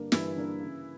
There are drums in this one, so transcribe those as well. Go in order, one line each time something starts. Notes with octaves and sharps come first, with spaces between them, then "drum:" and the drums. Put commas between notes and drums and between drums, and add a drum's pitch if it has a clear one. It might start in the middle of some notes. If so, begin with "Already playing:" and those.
Already playing: G2 D3 A#3 D4 A#4
G2 E3 E4, drum: snare
D3 A#3 D4 A#4
C#3